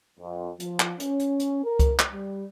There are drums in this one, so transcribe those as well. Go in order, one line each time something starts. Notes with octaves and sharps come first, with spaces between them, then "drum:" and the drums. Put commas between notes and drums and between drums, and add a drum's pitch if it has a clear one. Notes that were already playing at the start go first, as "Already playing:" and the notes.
F2
F3, drum: hi-hat
drum: clap
C#4, drum: hi-hat
drum: hi-hat
drum: hi-hat
A#4
drum: kick C#2, hi-hat
drum: clap
G3